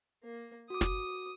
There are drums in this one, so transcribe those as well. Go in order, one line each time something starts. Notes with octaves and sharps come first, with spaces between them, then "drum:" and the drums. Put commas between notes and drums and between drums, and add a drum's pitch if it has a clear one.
A#3
F#4 D6 D#6
drum: snare